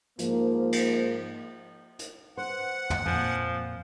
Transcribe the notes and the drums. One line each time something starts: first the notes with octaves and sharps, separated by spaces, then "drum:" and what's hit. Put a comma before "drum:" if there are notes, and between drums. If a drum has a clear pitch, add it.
G#2 F3 A#3, drum: hi-hat
drum: cymbal
drum: hi-hat
C5 F#5
drum: tom
F2 A#2 F3 G#5